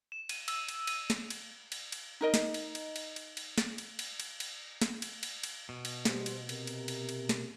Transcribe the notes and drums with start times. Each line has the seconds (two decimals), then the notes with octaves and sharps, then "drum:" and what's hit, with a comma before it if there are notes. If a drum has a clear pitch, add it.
0.12 E7
0.29 D#7, drum: cymbal
0.48 E6, drum: cymbal
0.68 drum: cymbal
0.87 D#7, drum: cymbal
1.10 drum: snare
1.30 drum: cymbal
1.72 drum: cymbal
1.92 drum: cymbal
2.21 D#4 A#4 D#5
2.34 drum: snare
2.54 drum: cymbal
2.75 drum: cymbal
2.96 drum: cymbal
3.16 drum: cymbal
3.37 drum: cymbal
3.58 drum: snare
3.78 drum: cymbal
3.99 drum: cymbal
4.20 drum: cymbal
4.40 drum: cymbal
4.82 drum: snare
5.02 drum: cymbal
5.23 drum: cymbal
5.43 drum: cymbal
5.69 B2
5.85 drum: cymbal
6.05 G3 C5, drum: snare
6.26 drum: cymbal
6.49 C3 A#4, drum: cymbal
6.67 drum: cymbal
6.88 drum: cymbal
7.09 drum: cymbal
7.29 drum: snare